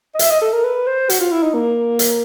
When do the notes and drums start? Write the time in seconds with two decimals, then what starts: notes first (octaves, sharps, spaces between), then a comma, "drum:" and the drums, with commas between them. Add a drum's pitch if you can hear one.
0.15 D#5
0.19 E5, drum: hi-hat
0.31 D#5
0.41 A4
0.53 A#4
0.64 B4
0.86 C5
1.10 F#4, drum: hi-hat
1.20 F4
1.31 E4
1.43 D#4
1.54 A#3
1.99 drum: hi-hat